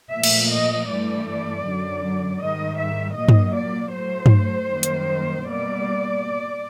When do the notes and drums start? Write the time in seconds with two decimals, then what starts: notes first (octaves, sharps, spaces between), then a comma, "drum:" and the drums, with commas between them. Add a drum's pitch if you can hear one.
0.12 A#2 F3 A3 E5
0.23 drum: cymbal
0.50 D#5
0.87 G2 E3 A3 D5
1.64 F#2 D3 F#3
2.39 G#2 D#3 G3 D#5
2.78 E5
3.15 A#2 F#3 A#3 D#5
3.29 drum: tom G2
3.54 D5
3.92 A2 F#3 A3 C5
4.26 drum: tom G2
4.68 F#2 D#3 G3 A#3
4.83 drum: hi-hat
5.44 B2 G3 A#3 D5